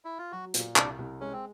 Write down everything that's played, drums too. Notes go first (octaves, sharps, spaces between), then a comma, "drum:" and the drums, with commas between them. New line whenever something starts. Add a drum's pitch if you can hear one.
E4
F4
F#3 F#4
A#2, drum: hi-hat
C2 D4, drum: clap
C2
G#3 C#4
C4